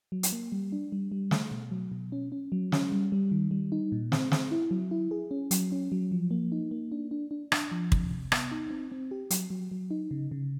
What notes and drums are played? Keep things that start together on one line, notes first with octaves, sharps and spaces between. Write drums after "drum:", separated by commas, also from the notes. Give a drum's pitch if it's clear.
F#3
drum: hi-hat
A#3
G3
D4
G3
G3
A3, drum: snare
B2
F#3
B2
C#4
C#4
F#3
C#4, drum: snare
G3
G3
D#3
G3
D#4
A#2
C4, drum: snare
C4, drum: snare
E4
F#3
E4
G#4
C#4
F#3, drum: hi-hat
C#4
F#3
F3
A#3
D#4
A#3
D4
D4
D4
D4, drum: rim click
F3
C3, drum: kick
C3
B3, drum: rim click
D#4
C4
C4
G4
F#3, drum: hi-hat
F#3
F#3
D#4
C#3
C#3